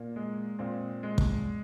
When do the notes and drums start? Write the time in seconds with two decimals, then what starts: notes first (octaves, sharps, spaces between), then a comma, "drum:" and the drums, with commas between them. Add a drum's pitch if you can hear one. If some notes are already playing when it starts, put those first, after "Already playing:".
Already playing: A#2 A#3
0.16 G#3
0.59 A#2 C4
1.03 G#3
1.18 drum: kick